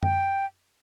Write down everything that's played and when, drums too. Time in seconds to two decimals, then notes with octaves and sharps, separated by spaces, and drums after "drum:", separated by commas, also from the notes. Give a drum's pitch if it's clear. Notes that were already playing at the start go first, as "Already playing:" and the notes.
0.03 G5, drum: tom F#2